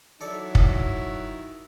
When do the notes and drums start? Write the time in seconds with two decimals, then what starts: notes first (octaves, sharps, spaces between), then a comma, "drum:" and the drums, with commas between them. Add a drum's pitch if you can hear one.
0.21 D#3 F#3 E4 A4 D5
0.55 drum: kick